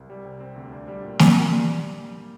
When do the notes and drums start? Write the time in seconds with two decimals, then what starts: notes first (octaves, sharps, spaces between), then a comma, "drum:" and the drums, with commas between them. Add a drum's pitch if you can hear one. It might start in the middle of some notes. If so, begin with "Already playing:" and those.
Already playing: C2
0.10 G3
0.25 C3
0.40 C4
0.56 D2
0.72 D4
0.88 G3
1.04 A#2
1.19 A#2, drum: snare
1.36 A#3
1.51 G3